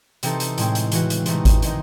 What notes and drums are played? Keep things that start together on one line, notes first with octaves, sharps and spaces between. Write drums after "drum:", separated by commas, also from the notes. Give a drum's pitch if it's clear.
C3 E3 C4 D#4 A4, drum: hi-hat
drum: hi-hat
A2 G#3 C4, drum: hi-hat
drum: hi-hat
C#3 E3 C4 F#4, drum: hi-hat
drum: hi-hat
C3 E3 A3 D#4, drum: hi-hat
drum: kick G#1, hi-hat
C3 D#3 G#3 C4 D#4, drum: hi-hat